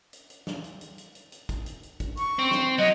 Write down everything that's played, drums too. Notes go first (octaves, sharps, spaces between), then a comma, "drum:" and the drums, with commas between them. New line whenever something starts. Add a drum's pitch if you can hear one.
drum: hi-hat
drum: hi-hat
drum: snare
drum: hi-hat
drum: hi-hat
drum: hi-hat
drum: hi-hat
drum: hi-hat
drum: kick, hi-hat
drum: hi-hat
drum: hi-hat
drum: kick, hi-hat
C#6, drum: hi-hat
C4
drum: snare
F#3 D#5